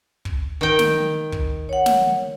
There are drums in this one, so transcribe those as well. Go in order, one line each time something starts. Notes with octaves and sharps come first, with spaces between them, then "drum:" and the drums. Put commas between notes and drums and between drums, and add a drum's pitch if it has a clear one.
drum: kick
D#3 G5
drum: snare
drum: kick
C#5 F#5
drum: snare